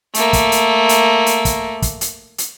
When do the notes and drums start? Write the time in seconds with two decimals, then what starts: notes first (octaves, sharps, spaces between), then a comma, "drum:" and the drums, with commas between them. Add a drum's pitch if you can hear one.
0.14 A3 A#3, drum: hi-hat
0.33 drum: kick, hi-hat
0.52 drum: hi-hat
0.89 drum: hi-hat
1.26 drum: hi-hat
1.45 drum: kick, hi-hat
1.82 drum: kick, hi-hat
2.01 drum: hi-hat
2.38 drum: hi-hat